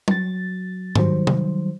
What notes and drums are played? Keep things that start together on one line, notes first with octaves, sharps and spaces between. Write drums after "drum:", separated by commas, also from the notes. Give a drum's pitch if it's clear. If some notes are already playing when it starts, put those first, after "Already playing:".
F#3 A6, drum: tom
D#3 F#3 G3 C5, drum: tom G#2
drum: tom C3